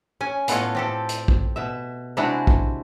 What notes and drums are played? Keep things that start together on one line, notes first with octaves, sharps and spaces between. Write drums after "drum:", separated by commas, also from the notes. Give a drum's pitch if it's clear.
C#4 G#5
A2 B3 F4 A4 C#5 D#5, drum: hi-hat
C4 G4 A4
drum: hi-hat
drum: kick
B2 E5
C3 G#3 D4 E4 F#4
drum: kick